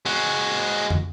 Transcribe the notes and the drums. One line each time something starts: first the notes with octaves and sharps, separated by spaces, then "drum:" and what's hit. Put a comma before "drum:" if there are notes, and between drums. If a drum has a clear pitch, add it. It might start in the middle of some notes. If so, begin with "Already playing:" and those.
G#3 F#4
drum: tom